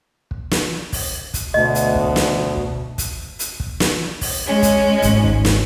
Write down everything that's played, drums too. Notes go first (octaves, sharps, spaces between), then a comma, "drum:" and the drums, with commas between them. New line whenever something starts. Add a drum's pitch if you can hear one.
drum: kick
drum: snare
drum: kick, open hi-hat
drum: kick, hi-hat
D2 B2 D#5
drum: hi-hat
drum: kick
drum: snare
drum: kick
drum: kick, hi-hat
drum: hi-hat
drum: kick
drum: snare
drum: kick, open hi-hat
G#3 C#4
drum: kick, hi-hat
G#1 G#2, drum: hi-hat
drum: kick
drum: snare